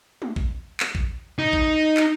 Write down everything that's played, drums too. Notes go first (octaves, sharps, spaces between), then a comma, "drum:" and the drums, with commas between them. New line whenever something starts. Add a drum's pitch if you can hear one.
drum: tom G#3
drum: kick
drum: clap
drum: kick
D#4, drum: tom G#2
drum: kick
drum: clap